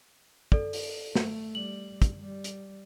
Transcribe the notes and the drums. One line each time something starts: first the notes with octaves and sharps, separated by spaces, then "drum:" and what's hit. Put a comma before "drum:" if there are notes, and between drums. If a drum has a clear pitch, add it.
A4 D5, drum: kick
drum: open hi-hat
A3, drum: snare
G3 F#7
drum: kick, hi-hat
G3
drum: hi-hat